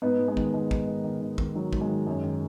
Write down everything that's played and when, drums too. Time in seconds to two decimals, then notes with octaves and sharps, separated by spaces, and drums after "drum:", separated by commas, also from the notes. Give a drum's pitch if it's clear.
0.02 G#2 B3 D#4
0.19 G#2
0.28 G#3 B3
0.37 D#3, drum: kick
0.54 G#2 G#3
0.71 G#2, drum: kick
0.87 D#3
1.04 D#3
1.22 D#3
1.38 D#3, drum: kick
1.55 D#3 F#3
1.73 G#2, drum: kick
1.81 G#3
1.89 D#3
2.06 F#2 G#3
2.24 D#3